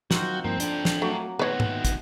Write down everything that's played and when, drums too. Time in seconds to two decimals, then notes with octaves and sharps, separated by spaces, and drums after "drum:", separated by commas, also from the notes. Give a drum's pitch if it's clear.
0.11 D#3 F#3 C4 F4 F#4 G6, drum: snare
0.44 G2 F3 A#3 C4 D#4
0.60 D4 A4 G5, drum: hi-hat
0.85 drum: snare
1.02 F#3 A3 A#3
1.39 D#3 G#3 A3 B3 F#4 B4 C#5
1.60 drum: tom G#2
1.85 drum: kick, hi-hat